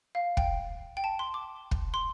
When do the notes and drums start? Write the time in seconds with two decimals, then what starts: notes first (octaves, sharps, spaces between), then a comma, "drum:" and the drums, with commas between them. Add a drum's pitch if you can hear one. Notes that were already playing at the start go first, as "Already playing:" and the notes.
0.15 F5
0.37 G5, drum: kick
0.97 G5
1.04 A5
1.19 C6
1.34 D6
1.71 drum: kick
1.94 C6